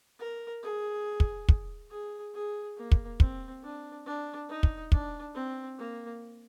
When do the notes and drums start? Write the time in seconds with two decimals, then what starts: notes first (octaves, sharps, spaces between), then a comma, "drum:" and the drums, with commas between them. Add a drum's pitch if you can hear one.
0.19 A#4
0.63 G#4
1.20 drum: kick
1.49 drum: kick
1.91 G#4
2.35 G#4
2.77 A#3
2.92 drum: kick
3.20 C4, drum: kick
3.63 D4
4.06 D4
4.49 D#4
4.63 drum: kick
4.92 D4, drum: kick
5.35 C4
5.78 A#3